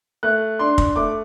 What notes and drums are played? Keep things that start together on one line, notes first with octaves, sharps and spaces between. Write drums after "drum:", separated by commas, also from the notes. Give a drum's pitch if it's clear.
A3 F#6
D4 C6
drum: kick
A3 D6